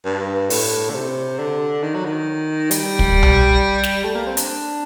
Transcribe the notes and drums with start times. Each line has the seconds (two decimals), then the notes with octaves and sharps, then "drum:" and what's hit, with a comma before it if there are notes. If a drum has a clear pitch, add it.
0.05 G2
0.50 A2, drum: open hi-hat
0.90 D3
0.95 C3
1.39 D3
1.83 D#3
1.94 F#3
2.05 D#3
2.71 G3, drum: hi-hat
2.99 drum: kick
3.23 drum: tom B1
3.83 drum: snare
4.04 A3
4.15 A#3
4.26 C4
4.37 D4, drum: hi-hat